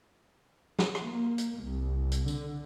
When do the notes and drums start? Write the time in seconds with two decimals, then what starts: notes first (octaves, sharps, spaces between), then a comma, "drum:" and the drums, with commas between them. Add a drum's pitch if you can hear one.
0.79 drum: snare
0.95 drum: rim click
1.04 A#3
1.38 drum: hi-hat
1.64 C2
2.12 drum: hi-hat
2.28 D3, drum: tambourine